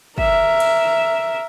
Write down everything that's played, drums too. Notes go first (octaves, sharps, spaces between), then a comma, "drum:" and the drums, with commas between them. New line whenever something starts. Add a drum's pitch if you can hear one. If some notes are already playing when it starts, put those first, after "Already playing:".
A#4 E5, drum: kick
drum: cymbal